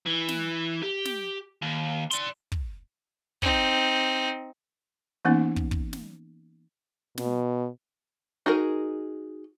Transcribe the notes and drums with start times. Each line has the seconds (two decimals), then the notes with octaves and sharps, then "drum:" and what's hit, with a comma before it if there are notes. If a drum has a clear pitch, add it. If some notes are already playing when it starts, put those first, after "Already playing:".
0.06 E3
0.28 drum: snare
0.83 G4
1.05 drum: snare
1.62 D#2
2.11 D5 C6, drum: hi-hat
2.52 drum: kick
3.42 C4 D#4, drum: kick
5.25 E3 A#3 B3 C#4 D#4
5.56 drum: kick
5.71 drum: kick
5.93 drum: snare
7.18 B2, drum: snare
8.46 D#4 F#4 G#4 A#4